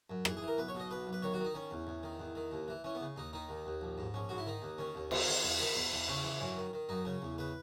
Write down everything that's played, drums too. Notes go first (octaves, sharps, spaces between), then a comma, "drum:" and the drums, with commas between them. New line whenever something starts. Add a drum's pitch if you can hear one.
F#2
E3 G#4, drum: rim click
G#4
E3
A#4
B1 B4
C#5
B2
D#5
B1 B4
B1
B4
D#3 C#5
F#4
D#3
D#4
D#3 C#4
E2
E2
D#3
E2
D#3
D#2
E3
E3 C#4
B3
C#3
D#2 D#4
D#3 D#4
D#2
D#2
A#1
G#2
A#1 C#4
G#2 F#4
E4
D#3 D#4
D#2
D#3 C#4
D#2
D#3 B3, drum: cymbal
D#3
E2
D#3
E2
E2
C#3 C#4
E3
F#2 C#4
D#3
D#3
F#2 D#4
C#3 C#4
E2
C#3 B4